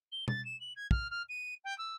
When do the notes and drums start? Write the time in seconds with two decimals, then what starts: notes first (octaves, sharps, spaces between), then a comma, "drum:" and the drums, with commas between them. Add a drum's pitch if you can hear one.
0.12 G7
0.28 A6, drum: tom B2
0.45 E7
0.60 F#7
0.76 G#6
0.91 F6, drum: kick
1.10 F6
1.29 D#7
1.64 G5
1.78 E6